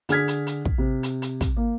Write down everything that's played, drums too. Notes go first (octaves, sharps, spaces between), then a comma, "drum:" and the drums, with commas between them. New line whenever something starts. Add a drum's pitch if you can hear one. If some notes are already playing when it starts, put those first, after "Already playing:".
D3 G#4 F6 G#6 B6, drum: hi-hat
drum: hi-hat
drum: hi-hat
drum: kick
C3
drum: hi-hat
drum: hi-hat
drum: kick, hi-hat
A#3